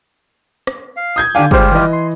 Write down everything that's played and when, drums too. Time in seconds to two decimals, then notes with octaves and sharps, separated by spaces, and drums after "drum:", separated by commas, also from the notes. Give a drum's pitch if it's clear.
0.67 drum: rim click
0.97 F5
1.16 D#6 G6 G#6
1.35 D3 D4 G4 F5 G#5
1.51 G3 G#3 F4 G4 C5, drum: kick
1.72 E3 D#5
1.93 C6